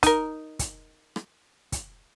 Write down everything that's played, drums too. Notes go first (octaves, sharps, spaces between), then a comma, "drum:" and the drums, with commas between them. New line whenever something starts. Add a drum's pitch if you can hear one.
D#4 A#4, drum: kick, hi-hat
drum: kick, hi-hat
drum: rim click
drum: kick, hi-hat